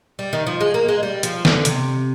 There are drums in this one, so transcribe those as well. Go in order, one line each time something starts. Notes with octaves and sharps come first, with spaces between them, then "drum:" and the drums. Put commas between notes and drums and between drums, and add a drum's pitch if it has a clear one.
G3
D#3
F3
G#3
A#3
G#3
G3
F3, drum: hi-hat
D3, drum: snare
C3, drum: hi-hat